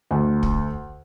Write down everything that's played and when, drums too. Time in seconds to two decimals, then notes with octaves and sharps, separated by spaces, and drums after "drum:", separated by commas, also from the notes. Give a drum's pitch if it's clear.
0.11 D2
0.43 drum: kick